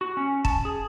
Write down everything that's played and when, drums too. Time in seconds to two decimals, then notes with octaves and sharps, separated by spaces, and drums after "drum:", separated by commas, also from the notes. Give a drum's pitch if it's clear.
0.01 F#4
0.17 C#4
0.45 A5, drum: kick
0.65 G#4